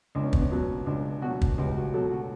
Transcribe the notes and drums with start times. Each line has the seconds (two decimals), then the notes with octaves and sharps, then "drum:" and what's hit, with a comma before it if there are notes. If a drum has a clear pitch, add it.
0.15 C#2 D4
0.24 C#4
0.33 B3, drum: kick
0.41 C#4
0.51 B2 F#3
0.86 C#2 D4
1.22 B2 F#3 F#4
1.41 drum: kick
1.58 C#2 G4
1.75 F#4
1.93 B2 F#3 A4
2.11 F#4